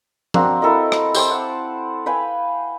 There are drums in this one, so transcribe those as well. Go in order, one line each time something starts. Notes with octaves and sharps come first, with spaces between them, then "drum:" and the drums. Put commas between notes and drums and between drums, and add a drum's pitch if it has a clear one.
A#3 C4 D4 F#4, drum: tom F3
E4 A4 A#4 D#5
drum: rim click
G4 C5 A5 D6, drum: tambourine
F#5
B4 F5 G5 G#5